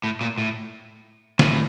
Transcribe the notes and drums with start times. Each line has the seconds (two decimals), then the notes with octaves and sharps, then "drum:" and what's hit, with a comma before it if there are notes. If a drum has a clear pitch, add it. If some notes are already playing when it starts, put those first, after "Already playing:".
0.04 A2
0.21 A#2
0.38 A2
1.39 A2, drum: snare